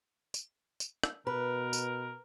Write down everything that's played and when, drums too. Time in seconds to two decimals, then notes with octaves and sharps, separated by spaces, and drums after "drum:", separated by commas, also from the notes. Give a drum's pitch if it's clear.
0.34 drum: tambourine
0.80 drum: tambourine
1.03 drum: rim click
1.27 B2 A#4 B4
1.73 drum: tambourine